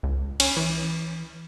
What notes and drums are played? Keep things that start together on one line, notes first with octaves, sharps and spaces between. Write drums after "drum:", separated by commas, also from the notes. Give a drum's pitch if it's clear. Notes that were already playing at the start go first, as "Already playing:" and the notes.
C#2
C#4, drum: cymbal
E3